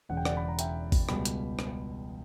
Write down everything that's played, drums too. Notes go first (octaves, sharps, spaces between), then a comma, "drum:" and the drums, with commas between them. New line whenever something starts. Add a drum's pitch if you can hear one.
E1 E2 C#3 F#5
G5
D5 F#5, drum: rim click
B5
A#5
E5 G5, drum: hi-hat
drum: kick G#1, open hi-hat
C#2 B2 G3 G5 B5, drum: rim click
drum: hi-hat
drum: rim click